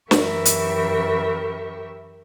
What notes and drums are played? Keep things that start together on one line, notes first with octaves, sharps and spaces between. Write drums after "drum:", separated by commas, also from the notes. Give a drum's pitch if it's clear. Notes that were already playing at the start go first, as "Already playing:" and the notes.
F#2 E3 G4 A#4 E5 C#6, drum: snare
drum: hi-hat